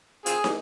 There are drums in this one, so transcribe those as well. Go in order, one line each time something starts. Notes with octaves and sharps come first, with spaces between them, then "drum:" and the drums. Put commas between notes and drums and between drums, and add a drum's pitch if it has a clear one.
C4 F4 G#4, drum: hi-hat
drum: snare